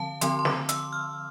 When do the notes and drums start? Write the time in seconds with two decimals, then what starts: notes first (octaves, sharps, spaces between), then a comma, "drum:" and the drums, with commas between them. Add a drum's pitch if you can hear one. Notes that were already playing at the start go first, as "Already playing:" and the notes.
Already playing: D3 F3 C4 F5 A5
0.21 D3 F3 C4 C6, drum: hi-hat
0.39 C6
0.45 D6, drum: snare
0.69 E6, drum: hi-hat
0.93 F6